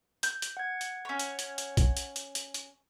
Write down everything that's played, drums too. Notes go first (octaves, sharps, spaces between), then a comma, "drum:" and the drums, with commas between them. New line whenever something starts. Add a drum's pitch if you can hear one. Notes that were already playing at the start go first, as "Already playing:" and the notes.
G6, drum: hi-hat
drum: hi-hat
F#5 G#6
drum: hi-hat
C#4 C#5
drum: hi-hat
drum: hi-hat
drum: hi-hat
drum: kick, hi-hat
drum: hi-hat
drum: hi-hat
drum: hi-hat
drum: hi-hat